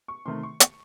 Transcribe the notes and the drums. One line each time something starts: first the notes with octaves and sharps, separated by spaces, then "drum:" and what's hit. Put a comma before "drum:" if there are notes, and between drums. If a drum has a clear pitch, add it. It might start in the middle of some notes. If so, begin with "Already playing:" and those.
C#6
C3 D#3 A3 C6
C#6
C#6, drum: hi-hat